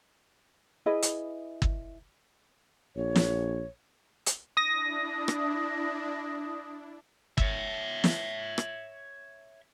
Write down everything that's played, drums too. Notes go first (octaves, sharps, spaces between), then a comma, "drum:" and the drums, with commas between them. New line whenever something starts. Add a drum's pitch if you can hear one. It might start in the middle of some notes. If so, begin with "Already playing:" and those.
E4 G#4 B4 D#5
drum: hi-hat
drum: kick G1
A#1 C#5
drum: snare
drum: hi-hat
D4 E4 D#6 A#6
drum: rim click
C#5 E5, drum: kick G1
drum: snare
drum: rim click